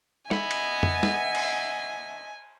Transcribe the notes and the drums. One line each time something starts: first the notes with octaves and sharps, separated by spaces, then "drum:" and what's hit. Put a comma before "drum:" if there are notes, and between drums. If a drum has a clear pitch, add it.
D#5 E5 F#5 G#5 B5, drum: snare
drum: cymbal
drum: tom F2
drum: snare
drum: cymbal